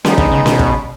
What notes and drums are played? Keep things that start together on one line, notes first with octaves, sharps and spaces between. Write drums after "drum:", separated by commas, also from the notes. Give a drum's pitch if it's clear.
G3 G#3 B3 D#4, drum: snare C#4
D3, drum: kick
C#3
B2, drum: snare C#4
drum: kick